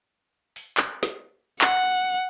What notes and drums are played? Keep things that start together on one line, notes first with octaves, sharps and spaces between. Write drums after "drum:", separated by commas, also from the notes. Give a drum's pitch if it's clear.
drum: open hi-hat
drum: clap
drum: snare
F#5, drum: clap